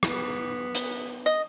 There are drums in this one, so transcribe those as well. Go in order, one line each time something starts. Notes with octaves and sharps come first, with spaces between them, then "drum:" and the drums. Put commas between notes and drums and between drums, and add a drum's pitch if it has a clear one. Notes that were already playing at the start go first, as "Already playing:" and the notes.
B3, drum: rim click
drum: hi-hat
D#5